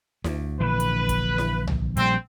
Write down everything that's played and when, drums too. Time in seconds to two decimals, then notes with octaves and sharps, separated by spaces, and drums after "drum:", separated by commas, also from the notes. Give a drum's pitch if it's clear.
0.24 D2, drum: snare E4
0.60 A#1 D3 E3 B4
0.80 drum: hi-hat
1.09 drum: kick, hi-hat
1.38 drum: snare E4
1.67 drum: tom C2
1.97 A#1 G3 C4, drum: hi-hat